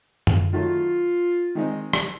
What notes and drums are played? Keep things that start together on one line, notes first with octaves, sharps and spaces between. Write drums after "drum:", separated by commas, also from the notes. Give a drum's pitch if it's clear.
drum: tom F#2
D#3 F#3 A3 F4
D#3 G#3 C4 D#4
drum: rim click